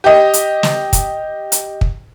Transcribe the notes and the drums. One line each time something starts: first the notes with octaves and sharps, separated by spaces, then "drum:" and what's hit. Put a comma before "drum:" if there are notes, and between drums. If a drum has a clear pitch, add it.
G4 D#5
drum: hi-hat
drum: snare
drum: kick, hi-hat
drum: hi-hat
drum: kick